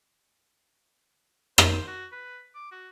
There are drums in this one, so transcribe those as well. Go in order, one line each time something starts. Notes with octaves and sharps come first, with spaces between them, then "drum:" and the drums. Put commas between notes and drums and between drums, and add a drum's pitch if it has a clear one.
C5, drum: rim click
F#4
B4
D6
F#4